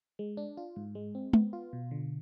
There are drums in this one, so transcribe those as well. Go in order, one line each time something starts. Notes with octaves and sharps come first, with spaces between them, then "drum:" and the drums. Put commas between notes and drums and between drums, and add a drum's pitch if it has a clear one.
G#3
D4
F4
G#2
G#3
C4
B3, drum: tom G#3
F4
B2
D3